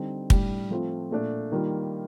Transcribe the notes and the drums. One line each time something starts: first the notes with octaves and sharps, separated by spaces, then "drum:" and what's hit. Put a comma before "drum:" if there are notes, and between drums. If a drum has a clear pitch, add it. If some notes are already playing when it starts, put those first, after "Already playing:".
Already playing: D3 G3 C4 D#4 G4
A2 G3 D4, drum: kick
F3 A3 C4 F4
A#2 A3 D4
D#3 G3 A#3 F4